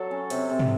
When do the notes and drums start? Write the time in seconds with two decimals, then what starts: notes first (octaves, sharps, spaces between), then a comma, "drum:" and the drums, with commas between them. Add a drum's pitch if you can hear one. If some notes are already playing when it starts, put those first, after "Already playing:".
Already playing: F#3 A4
0.11 C#4
0.30 C3, drum: hi-hat
0.50 C3
0.59 drum: tom